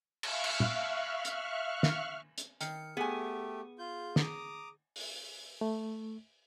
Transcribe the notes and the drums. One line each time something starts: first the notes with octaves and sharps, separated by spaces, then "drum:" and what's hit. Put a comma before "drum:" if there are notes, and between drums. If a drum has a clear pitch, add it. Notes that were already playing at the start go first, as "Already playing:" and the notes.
E5 F5 C#6 F6 F#6, drum: cymbal
drum: cymbal
drum: tom
drum: hi-hat
drum: snare
drum: hi-hat
D#3 G5 F6 C#7, drum: hi-hat
A3 B3 G4 G#4 G#5
F4 G6
A#5 D6 D#6, drum: snare
drum: open hi-hat
A3